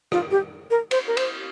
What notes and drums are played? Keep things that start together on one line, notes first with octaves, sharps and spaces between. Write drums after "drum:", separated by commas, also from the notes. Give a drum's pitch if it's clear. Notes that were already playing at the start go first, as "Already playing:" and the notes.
F4, drum: rim click
G4
A#4
C5, drum: cymbal
A#4
C5, drum: cymbal